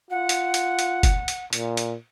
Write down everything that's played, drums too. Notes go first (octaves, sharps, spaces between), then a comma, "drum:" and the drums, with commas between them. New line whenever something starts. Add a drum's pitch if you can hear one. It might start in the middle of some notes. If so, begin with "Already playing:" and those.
F4 F#5
drum: hi-hat
drum: hi-hat
drum: hi-hat
drum: kick F#1, hi-hat
drum: hi-hat
A#2, drum: hi-hat
drum: hi-hat